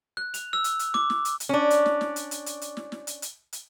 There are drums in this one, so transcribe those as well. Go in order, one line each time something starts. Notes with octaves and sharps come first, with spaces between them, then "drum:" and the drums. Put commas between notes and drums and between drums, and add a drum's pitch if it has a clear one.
F#6
F7, drum: hi-hat
E6
drum: hi-hat
drum: hi-hat
D6, drum: snare
drum: snare
drum: hi-hat
drum: hi-hat
C#4 D4
drum: hi-hat
drum: snare
drum: snare
drum: hi-hat
drum: hi-hat
drum: hi-hat
drum: hi-hat
drum: snare
drum: snare
drum: hi-hat
drum: hi-hat
drum: hi-hat